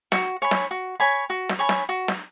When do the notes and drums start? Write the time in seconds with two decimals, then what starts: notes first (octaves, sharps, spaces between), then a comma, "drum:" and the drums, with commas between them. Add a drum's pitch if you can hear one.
0.12 F#4, drum: snare
0.42 C#5 G#5 B5
0.51 drum: snare
0.71 F#4
1.00 C#5 G#5 B5
1.30 F#4
1.49 drum: snare
1.59 C#5 G#5 B5
1.69 drum: snare
1.89 F#4
2.08 drum: snare